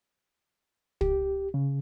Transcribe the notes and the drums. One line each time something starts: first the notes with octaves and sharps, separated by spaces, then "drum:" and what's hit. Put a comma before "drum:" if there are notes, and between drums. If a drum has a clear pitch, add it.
G4, drum: kick
C#3